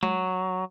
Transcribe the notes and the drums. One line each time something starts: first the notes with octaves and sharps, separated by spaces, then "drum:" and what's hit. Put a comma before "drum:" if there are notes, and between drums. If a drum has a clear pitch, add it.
F#3, drum: tom G#3